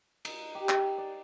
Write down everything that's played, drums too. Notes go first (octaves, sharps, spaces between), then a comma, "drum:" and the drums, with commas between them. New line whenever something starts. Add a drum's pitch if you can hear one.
D#4, drum: cymbal
G4
drum: clap
D5